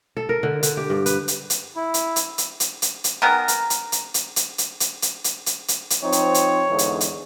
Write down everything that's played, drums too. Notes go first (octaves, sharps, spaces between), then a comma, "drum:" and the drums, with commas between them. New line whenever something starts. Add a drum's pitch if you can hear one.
A4
A#4
D3
D3, drum: hi-hat
G4
G2
B4, drum: hi-hat
drum: hi-hat
drum: hi-hat
E4
drum: hi-hat
drum: hi-hat
drum: hi-hat
drum: hi-hat
drum: hi-hat
drum: hi-hat
D#3 B3 G#4 A#4
drum: hi-hat
drum: hi-hat
drum: hi-hat
drum: hi-hat
drum: hi-hat
drum: hi-hat
drum: hi-hat
drum: hi-hat
drum: hi-hat
drum: hi-hat
drum: hi-hat
drum: hi-hat
F3 C4 D#4 C#5
drum: hi-hat
drum: hi-hat
E2 G#2 D3
drum: hi-hat
drum: hi-hat